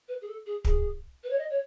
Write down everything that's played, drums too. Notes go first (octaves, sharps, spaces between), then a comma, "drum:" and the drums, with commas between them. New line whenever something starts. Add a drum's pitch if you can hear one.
B4
G#4
A4
G#4
G#4, drum: kick
B4
C#5
D#5
C#5